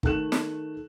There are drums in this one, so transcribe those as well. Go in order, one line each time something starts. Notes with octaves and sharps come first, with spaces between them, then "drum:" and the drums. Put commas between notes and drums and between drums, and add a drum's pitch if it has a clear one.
D#3 A3 F#6 E7, drum: kick
drum: snare